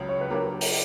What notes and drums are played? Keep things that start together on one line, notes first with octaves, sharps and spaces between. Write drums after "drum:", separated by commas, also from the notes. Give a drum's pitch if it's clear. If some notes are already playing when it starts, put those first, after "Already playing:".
Already playing: C#2 C#3 F#3
C#5
B4
F#3 A#3 D4 G4 A#4
B4
drum: open hi-hat